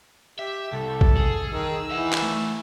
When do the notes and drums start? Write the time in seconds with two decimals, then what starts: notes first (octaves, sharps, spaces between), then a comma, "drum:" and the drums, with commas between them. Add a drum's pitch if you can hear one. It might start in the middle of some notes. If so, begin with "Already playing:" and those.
0.39 G4 E5
0.72 C2 A4
1.01 drum: kick A#1
1.17 G#4
1.50 D#3 E6
1.90 E3 E5 F#5
2.13 drum: clap
2.23 A3